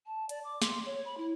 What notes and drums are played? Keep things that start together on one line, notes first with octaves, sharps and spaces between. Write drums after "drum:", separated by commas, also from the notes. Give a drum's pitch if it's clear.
A5
D5, drum: hi-hat
D6
C6, drum: snare
C#5
B5
E4